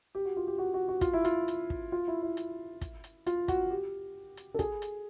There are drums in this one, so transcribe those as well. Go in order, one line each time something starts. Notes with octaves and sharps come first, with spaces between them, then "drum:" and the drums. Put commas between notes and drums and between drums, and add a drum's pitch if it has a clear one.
G4
F#4
F4
G4
F#4
F#4
F#4
F4, drum: kick, hi-hat
E4
F4, drum: hi-hat
drum: hi-hat
drum: kick
F4
E4
E4
drum: hi-hat
drum: kick, hi-hat
drum: hi-hat
F4, drum: hi-hat
F#4, drum: kick, hi-hat
G4
drum: hi-hat
A4
G#4, drum: kick, hi-hat
drum: hi-hat